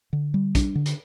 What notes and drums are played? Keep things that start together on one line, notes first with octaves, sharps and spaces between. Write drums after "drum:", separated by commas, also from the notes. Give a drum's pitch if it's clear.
D3
G3
D4, drum: kick, hi-hat
D3
drum: hi-hat